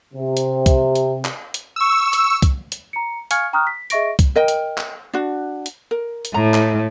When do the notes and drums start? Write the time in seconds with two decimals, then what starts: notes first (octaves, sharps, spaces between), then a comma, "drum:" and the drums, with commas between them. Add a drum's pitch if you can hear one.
0.14 C3
0.37 drum: hi-hat
0.66 drum: kick C2, hi-hat
0.95 drum: hi-hat
1.25 drum: clap
1.54 drum: hi-hat
1.76 C#6 E6
2.13 drum: hi-hat
2.42 drum: kick C2, hi-hat
2.72 drum: hi-hat
2.93 A#5 C#7
3.31 F5 G#5 C#6 F6 G#6 C#7, drum: hi-hat
3.53 G5 A#5 C#6 D#6 F6 F#6
3.67 B6
3.90 G#4 D#5 E5 C#6 A#6 D7, drum: hi-hat
4.19 drum: kick C2, hi-hat
4.35 A#4 D#5 G5
4.48 drum: hi-hat
4.78 drum: clap
5.13 D4 F#4
5.66 drum: hi-hat
5.91 A#4
6.25 drum: hi-hat
6.34 A2 A#5
6.54 drum: clap